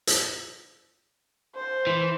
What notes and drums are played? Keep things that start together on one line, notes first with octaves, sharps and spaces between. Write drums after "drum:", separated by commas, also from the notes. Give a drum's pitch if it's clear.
drum: hi-hat
C5
E3